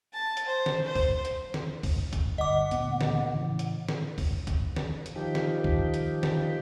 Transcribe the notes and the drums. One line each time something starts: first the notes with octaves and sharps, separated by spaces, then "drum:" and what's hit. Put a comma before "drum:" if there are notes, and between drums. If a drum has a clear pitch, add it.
A5
drum: hi-hat
C5
drum: snare
C5
drum: kick, open hi-hat
drum: hi-hat
drum: snare
drum: kick, open hi-hat
drum: kick, hi-hat
G1 D#5 F#5 D6
D2 A#2 B3, drum: hi-hat
drum: snare
A2 C#3 E3
drum: hi-hat
drum: snare
drum: kick, open hi-hat
drum: kick, hi-hat
drum: snare
drum: hi-hat
D#3 F3 G4
drum: snare
drum: kick
drum: hi-hat
drum: snare